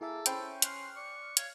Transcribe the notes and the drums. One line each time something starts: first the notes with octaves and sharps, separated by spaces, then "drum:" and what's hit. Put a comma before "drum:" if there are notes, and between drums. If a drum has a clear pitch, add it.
A#3 E4 G#4 A4 E5
C#4 C5 G5 B5, drum: hi-hat
C6 F6 F#6, drum: hi-hat
D5 C#6
C#5 F5, drum: hi-hat